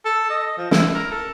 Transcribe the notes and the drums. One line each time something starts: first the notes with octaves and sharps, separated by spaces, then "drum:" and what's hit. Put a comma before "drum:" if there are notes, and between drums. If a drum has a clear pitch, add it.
A4
D#5
F3
E4, drum: snare
A#4
A4